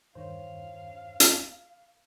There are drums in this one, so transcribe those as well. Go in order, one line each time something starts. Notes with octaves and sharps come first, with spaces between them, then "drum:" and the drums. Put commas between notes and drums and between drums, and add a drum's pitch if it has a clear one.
E2 G2 D#3 C5 C#5 F5
drum: hi-hat